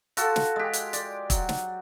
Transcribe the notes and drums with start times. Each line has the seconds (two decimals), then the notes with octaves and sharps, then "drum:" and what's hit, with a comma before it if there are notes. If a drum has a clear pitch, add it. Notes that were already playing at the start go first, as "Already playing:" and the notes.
0.17 F4 F#4 A4, drum: hi-hat
0.36 drum: snare
0.56 G#3 G4
0.73 drum: hi-hat
0.93 D5, drum: hi-hat
1.30 F#3, drum: kick, hi-hat
1.49 drum: snare